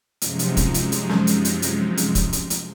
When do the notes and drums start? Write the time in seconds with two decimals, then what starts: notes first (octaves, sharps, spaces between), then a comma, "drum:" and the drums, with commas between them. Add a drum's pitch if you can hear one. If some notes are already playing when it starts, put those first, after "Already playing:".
0.22 F#2 C3 F3 G#3 D#4, drum: hi-hat
0.39 drum: hi-hat
0.57 drum: kick, hi-hat
0.74 drum: hi-hat
0.92 drum: hi-hat
1.09 drum: snare
1.27 drum: hi-hat
1.45 drum: hi-hat
1.62 drum: hi-hat
1.97 drum: hi-hat
2.15 drum: kick, hi-hat
2.33 drum: hi-hat
2.50 drum: hi-hat